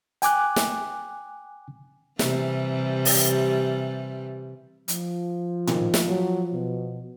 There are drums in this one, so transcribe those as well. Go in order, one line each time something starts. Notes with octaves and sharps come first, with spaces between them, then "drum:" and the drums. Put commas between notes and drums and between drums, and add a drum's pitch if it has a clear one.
G5 G#5 D6 F#6, drum: hi-hat
drum: snare
C3 E3 G3, drum: snare
drum: open hi-hat
F3, drum: hi-hat
D#3, drum: tom A2
drum: snare
F#3
B2